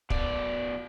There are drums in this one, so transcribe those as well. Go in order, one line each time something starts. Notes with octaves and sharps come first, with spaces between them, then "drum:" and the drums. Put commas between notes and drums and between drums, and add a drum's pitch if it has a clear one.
B2 D5, drum: kick